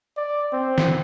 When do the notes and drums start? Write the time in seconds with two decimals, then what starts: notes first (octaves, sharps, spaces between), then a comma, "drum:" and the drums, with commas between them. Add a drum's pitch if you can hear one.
0.17 D5
0.53 C4
0.78 drum: snare